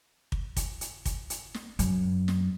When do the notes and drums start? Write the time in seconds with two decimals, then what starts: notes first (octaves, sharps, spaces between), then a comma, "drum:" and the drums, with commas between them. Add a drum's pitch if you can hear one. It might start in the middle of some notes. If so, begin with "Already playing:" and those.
0.32 drum: kick
0.57 drum: kick, hi-hat
0.81 drum: hi-hat
1.05 drum: kick, hi-hat
1.30 drum: hi-hat
1.54 drum: snare
1.79 F#2, drum: hi-hat
2.28 drum: snare